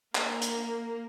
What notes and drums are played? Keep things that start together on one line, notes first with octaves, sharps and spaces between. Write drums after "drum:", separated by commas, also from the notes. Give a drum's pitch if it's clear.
A#3, drum: clap
drum: hi-hat